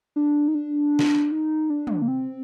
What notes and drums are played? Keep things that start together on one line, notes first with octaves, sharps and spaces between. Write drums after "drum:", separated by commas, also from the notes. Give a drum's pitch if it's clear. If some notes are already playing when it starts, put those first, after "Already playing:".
D4
D#4
D4
drum: snare
D#4
D4
drum: tom
A#3
C4